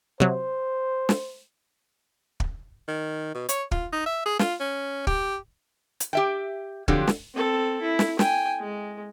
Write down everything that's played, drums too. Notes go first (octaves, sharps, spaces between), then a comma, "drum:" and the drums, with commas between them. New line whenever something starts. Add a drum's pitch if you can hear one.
C3 F#3 C5
drum: snare
drum: kick
D#3
B2
C#5, drum: hi-hat
F4, drum: kick
D#4
E5
G#4
F4, drum: snare
C#4
G4, drum: kick
drum: hi-hat
G4 E5 G5
D3 F3 F#3 C4 G4, drum: kick
drum: snare
C4 A4
E4
drum: snare
G5 G#5, drum: snare
G#3